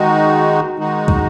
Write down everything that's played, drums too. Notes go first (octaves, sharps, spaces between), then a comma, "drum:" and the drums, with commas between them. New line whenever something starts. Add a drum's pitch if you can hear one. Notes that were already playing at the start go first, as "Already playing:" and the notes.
Already playing: D#3 G#3 D#4 F#4
D#3 G#3 D#4 F#4
drum: kick